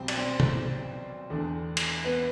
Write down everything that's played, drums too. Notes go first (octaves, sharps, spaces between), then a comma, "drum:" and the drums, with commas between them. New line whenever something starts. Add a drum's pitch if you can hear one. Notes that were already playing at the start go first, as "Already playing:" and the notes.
Already playing: B1 B2 G3 C4 C5
D5, drum: cymbal
C4 C5
drum: tom
E2 D3 A3 D4
drum: cymbal
B3 B4